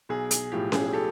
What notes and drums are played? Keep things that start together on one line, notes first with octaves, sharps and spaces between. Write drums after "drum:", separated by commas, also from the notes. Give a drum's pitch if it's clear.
B1 G#4
G#4, drum: hi-hat
A2 F3 G4
G#4, drum: snare C#4
G4 A4